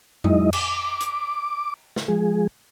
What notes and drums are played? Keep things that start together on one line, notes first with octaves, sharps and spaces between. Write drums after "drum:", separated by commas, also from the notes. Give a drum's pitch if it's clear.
F#3 G#3 D#4 E4 D#5, drum: tom F2
D6, drum: cymbal
drum: hi-hat
drum: snare
F3 G#3 G#4